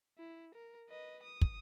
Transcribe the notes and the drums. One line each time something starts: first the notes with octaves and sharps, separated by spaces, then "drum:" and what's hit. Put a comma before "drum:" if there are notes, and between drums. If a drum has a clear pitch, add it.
E4
A#4
B4 D#5
D#6
drum: kick